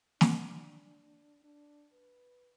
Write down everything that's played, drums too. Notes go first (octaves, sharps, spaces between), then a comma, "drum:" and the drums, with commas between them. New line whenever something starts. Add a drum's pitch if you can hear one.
D4, drum: snare
D4
B4